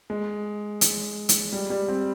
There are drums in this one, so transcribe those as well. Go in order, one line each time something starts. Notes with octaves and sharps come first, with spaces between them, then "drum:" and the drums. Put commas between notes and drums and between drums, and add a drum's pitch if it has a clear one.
G#3
drum: hi-hat
drum: hi-hat
G3
G3
C4